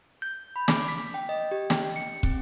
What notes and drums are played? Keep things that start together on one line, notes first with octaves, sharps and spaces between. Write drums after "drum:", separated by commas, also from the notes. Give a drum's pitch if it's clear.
G6
B5
D6, drum: snare
B6
G5
D#5
G4
G5, drum: snare
C#7
C4, drum: kick